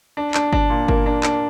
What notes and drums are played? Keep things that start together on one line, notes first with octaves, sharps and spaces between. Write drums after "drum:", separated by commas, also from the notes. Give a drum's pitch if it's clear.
D4
D4, drum: clap
D4, drum: kick G1
A#2
A#3, drum: kick G1
D4
D4, drum: clap